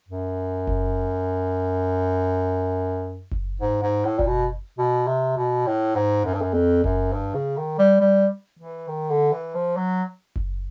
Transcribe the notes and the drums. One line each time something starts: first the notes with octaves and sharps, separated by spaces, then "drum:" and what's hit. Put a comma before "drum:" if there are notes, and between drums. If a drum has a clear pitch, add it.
F#2
drum: kick F#1
drum: kick F#1
G#2
G#2
A2
A#2, drum: kick F#1
B2
B2
C3
B2
A2
G#2
F#2
G2
F#2
F2
F#2, drum: kick F#1
G2
C#3
D#3
G3
G3
E3
D#3
D3
E3
F3
F#3
drum: kick F#1